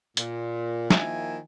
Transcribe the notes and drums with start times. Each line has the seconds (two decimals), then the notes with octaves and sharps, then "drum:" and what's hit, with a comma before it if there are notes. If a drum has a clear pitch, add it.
0.17 A#2, drum: hi-hat
0.90 D#3 F3 A#3 E4 E5 G#5, drum: snare